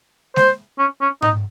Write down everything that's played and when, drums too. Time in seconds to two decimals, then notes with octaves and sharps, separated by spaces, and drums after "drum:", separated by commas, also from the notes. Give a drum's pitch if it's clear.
0.36 C5, drum: snare G#3
0.79 C#4
1.01 C#4
1.22 D#4, drum: tom G#2